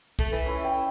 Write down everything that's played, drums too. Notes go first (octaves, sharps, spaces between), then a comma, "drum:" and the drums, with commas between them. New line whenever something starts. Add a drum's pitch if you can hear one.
A3, drum: kick, tambourine
E3
C#4 E4
G5